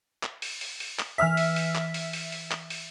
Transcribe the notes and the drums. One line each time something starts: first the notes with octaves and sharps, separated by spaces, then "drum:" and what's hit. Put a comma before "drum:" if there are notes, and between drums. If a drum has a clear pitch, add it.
drum: clap
drum: open hi-hat
drum: open hi-hat
drum: open hi-hat
drum: clap
E3 E5 E6 F6 B6
drum: open hi-hat
drum: open hi-hat
drum: clap
drum: open hi-hat
drum: open hi-hat
drum: open hi-hat
drum: clap
drum: open hi-hat